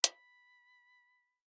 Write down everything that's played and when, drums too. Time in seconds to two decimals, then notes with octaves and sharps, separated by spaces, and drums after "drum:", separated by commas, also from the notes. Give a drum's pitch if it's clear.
0.04 B5, drum: hi-hat